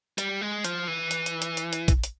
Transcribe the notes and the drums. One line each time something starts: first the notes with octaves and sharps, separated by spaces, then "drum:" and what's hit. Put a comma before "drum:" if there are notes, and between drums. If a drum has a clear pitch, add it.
G3, drum: hi-hat
G#3
F3, drum: hi-hat
E3
drum: hi-hat
drum: hi-hat
drum: hi-hat
drum: hi-hat
drum: hi-hat
drum: kick, hi-hat
drum: hi-hat